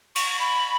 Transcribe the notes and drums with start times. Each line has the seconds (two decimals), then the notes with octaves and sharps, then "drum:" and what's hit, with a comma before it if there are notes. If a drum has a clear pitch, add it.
0.15 C#6, drum: cymbal
0.40 B5